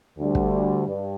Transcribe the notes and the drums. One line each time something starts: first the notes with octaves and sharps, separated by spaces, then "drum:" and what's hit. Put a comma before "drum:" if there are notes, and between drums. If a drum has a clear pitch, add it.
D2 D3 G3
drum: kick
G2